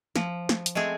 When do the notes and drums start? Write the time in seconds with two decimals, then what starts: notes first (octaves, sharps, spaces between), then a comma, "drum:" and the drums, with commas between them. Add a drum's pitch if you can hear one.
0.16 F3, drum: snare
0.49 drum: snare
0.66 drum: hi-hat
0.75 G#3 A3 C4 G#4